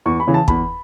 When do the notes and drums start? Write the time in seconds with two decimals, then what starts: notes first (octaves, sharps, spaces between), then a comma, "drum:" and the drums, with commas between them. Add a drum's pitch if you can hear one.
0.06 E2 C#6
0.20 B5
0.27 C#3 E3
0.34 A5
0.48 E2 B5, drum: kick